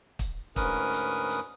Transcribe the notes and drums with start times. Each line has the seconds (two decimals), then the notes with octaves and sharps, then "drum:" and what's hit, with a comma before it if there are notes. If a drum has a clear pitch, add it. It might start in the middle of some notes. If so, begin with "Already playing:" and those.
0.19 drum: kick, hi-hat
0.56 D2 G#2 C#4 A#4 B4 D#6, drum: kick, hi-hat
0.93 drum: hi-hat
1.30 drum: hi-hat